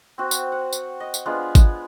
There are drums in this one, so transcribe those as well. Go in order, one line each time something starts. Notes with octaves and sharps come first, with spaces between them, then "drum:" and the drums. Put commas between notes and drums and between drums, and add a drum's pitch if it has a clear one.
C4 F#4
drum: tambourine
F#5
drum: tambourine
D#5
drum: tambourine
G#3 B3 D4 F4
drum: kick G#1, tambourine